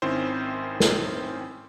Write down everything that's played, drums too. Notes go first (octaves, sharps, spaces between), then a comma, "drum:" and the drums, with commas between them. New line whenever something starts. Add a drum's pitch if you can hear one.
G#1 D#3 C4 C#4 E4 C5
drum: snare